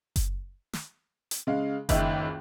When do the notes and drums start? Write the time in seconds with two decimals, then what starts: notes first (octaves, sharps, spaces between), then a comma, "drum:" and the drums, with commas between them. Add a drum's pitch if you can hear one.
0.16 drum: kick F#1, hi-hat
0.73 drum: snare
1.31 drum: hi-hat
1.47 C#3 G#3 F5
1.89 F#1 C#2 D#3 E5, drum: kick F#1, hi-hat